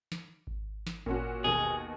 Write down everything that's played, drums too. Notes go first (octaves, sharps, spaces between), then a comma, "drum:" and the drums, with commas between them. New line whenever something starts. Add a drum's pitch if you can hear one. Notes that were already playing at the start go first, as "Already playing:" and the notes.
drum: snare
drum: kick G#1
drum: snare
A#2 C#4 F#4, drum: kick G#1
D#2 B2 G#4